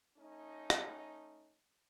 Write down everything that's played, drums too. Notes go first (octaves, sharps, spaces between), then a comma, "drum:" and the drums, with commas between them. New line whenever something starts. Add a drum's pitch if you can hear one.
A3 C#4 D#4
drum: rim click